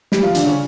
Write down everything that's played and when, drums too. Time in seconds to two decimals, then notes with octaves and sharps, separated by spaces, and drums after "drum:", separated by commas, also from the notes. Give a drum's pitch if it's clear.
0.12 G3 G4, drum: snare
0.23 F3 F4
0.35 D3 D4, drum: hi-hat
0.45 C#3 C#4